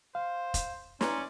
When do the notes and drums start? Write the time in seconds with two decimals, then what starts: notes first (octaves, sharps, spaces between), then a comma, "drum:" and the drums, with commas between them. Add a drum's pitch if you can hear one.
0.15 C5 F5
0.54 drum: kick F1, hi-hat
1.01 C#4 D5 A#5 C6, drum: snare